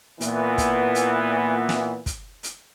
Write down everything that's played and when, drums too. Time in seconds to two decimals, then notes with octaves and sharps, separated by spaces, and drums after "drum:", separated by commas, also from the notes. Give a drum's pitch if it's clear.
0.21 A#2 E3 B3, drum: hi-hat
0.58 drum: kick, hi-hat
0.95 drum: hi-hat
1.69 drum: snare
2.06 drum: kick, hi-hat
2.43 drum: hi-hat